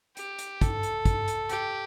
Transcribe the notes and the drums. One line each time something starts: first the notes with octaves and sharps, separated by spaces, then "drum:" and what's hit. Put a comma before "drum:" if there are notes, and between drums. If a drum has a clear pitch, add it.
G4, drum: hi-hat
drum: hi-hat
A4, drum: kick, hi-hat
drum: hi-hat
drum: kick, hi-hat
drum: hi-hat
G4, drum: hi-hat